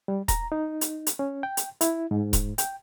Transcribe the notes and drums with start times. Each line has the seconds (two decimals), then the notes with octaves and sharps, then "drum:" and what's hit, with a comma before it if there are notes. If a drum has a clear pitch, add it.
0.08 G3
0.28 A#5, drum: kick D#1, hi-hat
0.52 D#4
0.81 drum: hi-hat
1.07 drum: hi-hat
1.19 C#4
1.43 G5
1.57 drum: hi-hat
1.81 E4, drum: hi-hat
2.11 G#2
2.33 drum: kick D#1, hi-hat
2.58 G5, drum: hi-hat